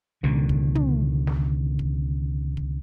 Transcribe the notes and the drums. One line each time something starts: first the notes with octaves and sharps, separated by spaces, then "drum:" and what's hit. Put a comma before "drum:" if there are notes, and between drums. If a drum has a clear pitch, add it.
C#2 B2 D3 D#3
drum: kick
drum: tom
drum: snare
drum: kick
drum: kick